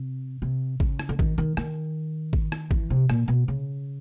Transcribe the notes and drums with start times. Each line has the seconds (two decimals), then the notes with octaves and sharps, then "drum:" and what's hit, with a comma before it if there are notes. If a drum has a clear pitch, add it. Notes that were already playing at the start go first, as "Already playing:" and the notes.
Already playing: C3
0.42 C3
0.80 C#3, drum: kick G#1
0.99 drum: rim click
1.09 D3
1.19 D#3, drum: kick G#1
1.38 D#3
1.57 D#3, drum: rim click
2.33 drum: kick G#1
2.52 drum: rim click
2.71 E3, drum: kick G#1
2.90 C3
3.10 A#2, drum: rim click
3.28 B2
3.48 C#3